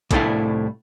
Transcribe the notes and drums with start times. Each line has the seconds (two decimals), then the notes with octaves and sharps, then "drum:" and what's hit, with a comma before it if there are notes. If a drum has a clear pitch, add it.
0.11 C2 A2 A3 D4 E4 F5, drum: kick, hi-hat